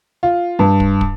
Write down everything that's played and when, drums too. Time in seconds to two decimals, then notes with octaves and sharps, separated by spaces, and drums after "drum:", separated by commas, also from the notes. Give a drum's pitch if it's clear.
0.23 F4
0.59 G2
0.80 drum: kick
1.01 drum: kick